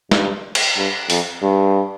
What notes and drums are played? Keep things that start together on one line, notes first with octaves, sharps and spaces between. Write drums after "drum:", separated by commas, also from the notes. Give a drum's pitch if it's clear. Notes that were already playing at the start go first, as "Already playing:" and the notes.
G2, drum: snare
drum: cymbal
G2
F2, drum: open hi-hat
G2